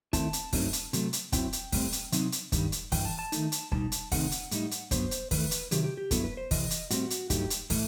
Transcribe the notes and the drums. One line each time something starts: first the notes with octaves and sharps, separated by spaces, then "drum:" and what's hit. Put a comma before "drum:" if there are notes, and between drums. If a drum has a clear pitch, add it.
D#3 A3 C4 E4 A5, drum: kick, hi-hat
drum: hi-hat
G2 F#3 A3 C4 D#4, drum: kick, open hi-hat
drum: hi-hat
C3 F#3 A3, drum: hi-hat
drum: hi-hat
F#2 F#3 C4 E4 G5, drum: kick, hi-hat
drum: hi-hat
A2 G3 C4, drum: kick, open hi-hat
drum: hi-hat
C3 F#3 C4 D#4, drum: hi-hat
drum: hi-hat
G2 D#3 G3, drum: kick, hi-hat
drum: hi-hat
G2 E3 G5, drum: kick, open hi-hat
A5
A5
D#3 A3 D#4, drum: hi-hat
drum: hi-hat
B2 G3 D#4 A5, drum: kick
drum: hi-hat
C3 D#3 A3 C4 D#4 F#5, drum: kick, open hi-hat
drum: hi-hat
A2 G3 D#4, drum: hi-hat
drum: hi-hat
G2 F#3 B3 C5, drum: kick, hi-hat
drum: hi-hat
E2 D#3 A3 B4, drum: kick, open hi-hat
drum: hi-hat
C3 D#3 F#3 G4, drum: hi-hat
G4
G4
G2 F#3 B3 E4 A4, drum: kick, hi-hat
B4
C5
C3 E3 D#5, drum: kick, open hi-hat
drum: hi-hat
A2 G3 C4 F#4, drum: hi-hat
drum: hi-hat
G2 F#3 A3 D#4 G4, drum: kick, hi-hat
drum: hi-hat
A2 E3 A3 A4, drum: kick, open hi-hat